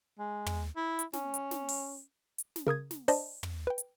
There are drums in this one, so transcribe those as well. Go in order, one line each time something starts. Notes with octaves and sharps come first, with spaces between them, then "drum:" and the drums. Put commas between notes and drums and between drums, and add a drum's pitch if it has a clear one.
G#3
drum: tom
E4
drum: hi-hat
C#4, drum: snare
drum: hi-hat
drum: snare
drum: open hi-hat
drum: hi-hat
drum: snare
C#3 A#4 D#6 G#6
drum: snare
D4 C5 D5 D#5 A5, drum: open hi-hat
drum: tom
B4 G5
drum: hi-hat